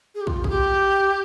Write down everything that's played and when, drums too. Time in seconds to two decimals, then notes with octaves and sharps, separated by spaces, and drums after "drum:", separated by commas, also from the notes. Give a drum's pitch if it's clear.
0.15 G#4
0.21 G4
0.27 F4, drum: kick
0.44 G#4, drum: kick
0.50 G4